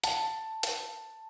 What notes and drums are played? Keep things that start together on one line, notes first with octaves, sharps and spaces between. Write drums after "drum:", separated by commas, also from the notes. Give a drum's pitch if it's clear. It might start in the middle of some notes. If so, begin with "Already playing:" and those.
A5, drum: hi-hat
drum: hi-hat